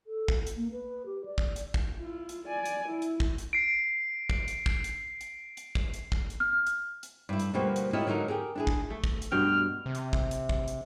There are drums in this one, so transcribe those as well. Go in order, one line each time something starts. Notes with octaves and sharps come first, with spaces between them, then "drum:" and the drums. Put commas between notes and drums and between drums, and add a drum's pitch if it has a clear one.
A4
drum: kick
drum: hi-hat
A#3
B4
G4
D5
drum: kick
drum: hi-hat
drum: kick
E4 F4
drum: hi-hat
D5 G#5
drum: hi-hat
E4
drum: hi-hat
drum: kick
drum: hi-hat
C7 D7
drum: kick
drum: hi-hat
drum: kick
drum: hi-hat
drum: hi-hat
drum: hi-hat
drum: kick
drum: hi-hat
drum: kick
drum: hi-hat
F6
drum: hi-hat
drum: hi-hat
G2 E4
drum: hi-hat
D2 B2 F3 G3 A#3 F#4
drum: hi-hat
E4 F4 G4 A#4 C#5 D#5
D3 F#3 G#3 D#4 A#4
G4 G#4 A#4
D4 E4 G#4
drum: kick
A3
drum: kick
drum: hi-hat
G2 B2 G5 F6
C3
drum: hi-hat
drum: kick
drum: hi-hat
drum: kick
drum: hi-hat